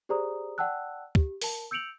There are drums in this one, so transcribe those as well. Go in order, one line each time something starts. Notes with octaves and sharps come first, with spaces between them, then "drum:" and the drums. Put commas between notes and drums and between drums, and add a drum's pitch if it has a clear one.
G4 G#4 C5 D5 A#5 D#6
D5 F#5 G5 A5 E6 F#6
G4, drum: kick
A#4 A5, drum: open hi-hat
E6 G6 C#7 D7 F7 F#7